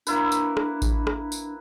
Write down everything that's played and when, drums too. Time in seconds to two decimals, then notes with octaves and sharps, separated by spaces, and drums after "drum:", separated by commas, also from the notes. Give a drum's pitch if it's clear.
0.07 A#3 D4 E4 B4, drum: tambourine
0.32 drum: tambourine
0.57 drum: rim click
0.82 drum: kick A1, tambourine
1.07 drum: rim click
1.32 drum: tambourine